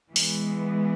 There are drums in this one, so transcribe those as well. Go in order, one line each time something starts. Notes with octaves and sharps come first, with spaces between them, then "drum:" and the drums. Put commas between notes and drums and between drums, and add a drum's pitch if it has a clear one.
E3 G#3 B3, drum: open hi-hat